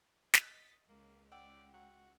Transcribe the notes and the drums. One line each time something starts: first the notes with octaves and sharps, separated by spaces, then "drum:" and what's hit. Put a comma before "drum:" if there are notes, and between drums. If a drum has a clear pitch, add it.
D#5 A6 B6, drum: snare
C#2 A#3
D5 F#5 G5 E6
F#4